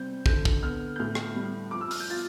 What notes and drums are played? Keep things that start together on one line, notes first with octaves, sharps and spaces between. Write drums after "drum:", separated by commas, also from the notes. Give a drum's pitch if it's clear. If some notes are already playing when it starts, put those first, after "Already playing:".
Already playing: C3 G3 C4 G6
D3 G6, drum: kick
drum: kick
B3 F6
G6
A2 F6
drum: rim click
G3
F3 D6
E6
F6, drum: open hi-hat
G6
F4 A6